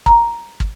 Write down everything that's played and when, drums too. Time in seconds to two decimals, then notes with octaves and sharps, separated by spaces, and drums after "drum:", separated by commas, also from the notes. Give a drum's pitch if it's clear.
0.06 A#5, drum: kick
0.60 drum: kick